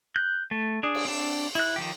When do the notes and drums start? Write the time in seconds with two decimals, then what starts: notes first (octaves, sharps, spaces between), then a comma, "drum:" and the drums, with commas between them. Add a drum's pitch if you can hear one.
0.16 F#6 G6
0.51 A3
0.83 D4 G#4
0.95 drum: cymbal
1.05 C4 D4
1.55 E4 F#6, drum: cymbal
1.76 D#3 F3 G4